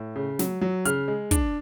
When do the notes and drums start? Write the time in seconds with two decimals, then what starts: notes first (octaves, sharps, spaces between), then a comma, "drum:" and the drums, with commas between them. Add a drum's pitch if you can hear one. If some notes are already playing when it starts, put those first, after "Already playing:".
Already playing: A2
0.16 C#3
0.39 F#3, drum: snare
0.61 F#3
0.85 C#3 F6, drum: hi-hat
1.08 G#3
1.31 D4, drum: kick, hi-hat